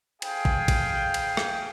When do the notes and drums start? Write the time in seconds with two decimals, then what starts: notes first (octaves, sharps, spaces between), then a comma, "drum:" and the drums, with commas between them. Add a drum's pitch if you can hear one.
0.22 G#4 F5 G5, drum: cymbal
0.45 drum: kick
0.68 drum: kick, cymbal
1.14 drum: cymbal
1.37 drum: rim click